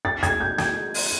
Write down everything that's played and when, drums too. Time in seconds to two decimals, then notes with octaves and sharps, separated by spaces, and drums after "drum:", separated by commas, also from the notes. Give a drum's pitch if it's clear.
0.05 A6
0.23 G#6, drum: kick, hi-hat
0.40 G6
0.58 G#6, drum: snare
0.94 drum: open hi-hat